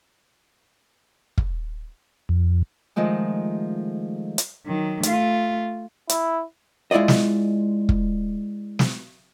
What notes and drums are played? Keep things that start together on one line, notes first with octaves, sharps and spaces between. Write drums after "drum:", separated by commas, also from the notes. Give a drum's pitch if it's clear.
drum: kick
F2
D#3 F3 G#3 A3
drum: hi-hat
D#3 F#3
A3 F4, drum: hi-hat
E4, drum: hi-hat
G#3 E4 F4 D5 D#5
drum: snare
drum: kick
drum: snare